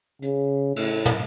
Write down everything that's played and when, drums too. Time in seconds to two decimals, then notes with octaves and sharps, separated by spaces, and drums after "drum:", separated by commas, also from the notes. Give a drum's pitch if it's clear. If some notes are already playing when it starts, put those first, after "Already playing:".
0.22 C#3, drum: hi-hat
0.76 A2, drum: cymbal
1.05 drum: tom